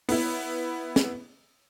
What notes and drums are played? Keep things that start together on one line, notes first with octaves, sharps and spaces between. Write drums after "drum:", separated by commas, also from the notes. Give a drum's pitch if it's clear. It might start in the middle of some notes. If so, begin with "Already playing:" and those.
B3 E4, drum: open hi-hat
drum: snare